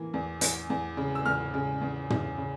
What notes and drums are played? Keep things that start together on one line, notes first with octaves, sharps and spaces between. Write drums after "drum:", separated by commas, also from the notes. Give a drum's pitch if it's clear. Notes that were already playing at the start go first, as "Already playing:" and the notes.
Already playing: E3 A#3
E2
E2, drum: hi-hat
E2
C#3
E6
E2 F6
C#3
E2
E2, drum: tom
C#3